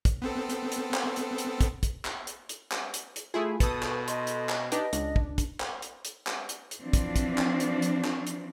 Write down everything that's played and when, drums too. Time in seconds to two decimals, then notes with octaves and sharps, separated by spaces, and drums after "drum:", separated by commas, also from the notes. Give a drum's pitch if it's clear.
0.05 drum: kick, hi-hat
0.22 B3 C4 A4
0.50 drum: hi-hat
0.72 drum: hi-hat
0.94 drum: clap
1.16 drum: hi-hat
1.38 drum: hi-hat
1.61 drum: kick, hi-hat
1.83 drum: kick, hi-hat
2.05 drum: clap
2.27 drum: hi-hat
2.49 drum: hi-hat
2.72 drum: clap
2.94 drum: hi-hat
3.16 drum: hi-hat
3.34 A3 E4 F4 G#4
3.60 B2 A4 B4 D#6, drum: kick, hi-hat
3.83 drum: clap
4.08 D#5 C6, drum: hi-hat
4.27 drum: hi-hat
4.49 drum: clap
4.72 D4 D#4 G4 B4 D#5, drum: hi-hat
4.93 C#2 D4, drum: hi-hat
5.16 drum: kick
5.38 drum: kick, hi-hat
5.60 drum: clap
5.82 drum: hi-hat
6.05 drum: hi-hat
6.27 drum: clap
6.49 drum: hi-hat
6.71 drum: hi-hat
6.81 E3 F3 C4 D4
6.93 drum: kick, hi-hat
7.16 drum: kick, hi-hat
7.38 drum: clap
7.60 drum: hi-hat
7.82 drum: hi-hat
8.04 drum: clap
8.27 drum: hi-hat